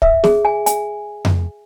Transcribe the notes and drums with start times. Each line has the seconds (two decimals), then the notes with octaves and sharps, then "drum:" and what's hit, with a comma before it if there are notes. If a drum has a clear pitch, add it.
0.02 E5, drum: kick
0.24 G#4, drum: snare
0.45 G#5
0.66 G#5, drum: hi-hat
1.25 drum: tom F2